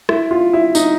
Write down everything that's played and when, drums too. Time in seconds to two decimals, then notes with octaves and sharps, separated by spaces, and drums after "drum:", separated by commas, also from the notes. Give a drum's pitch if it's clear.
0.09 E4, drum: rim click
0.31 F4
0.53 E4
0.75 D#4, drum: tambourine